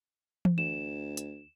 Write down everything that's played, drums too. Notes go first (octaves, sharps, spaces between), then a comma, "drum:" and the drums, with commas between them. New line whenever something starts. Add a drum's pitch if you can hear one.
drum: tom E3
D2 E7
drum: hi-hat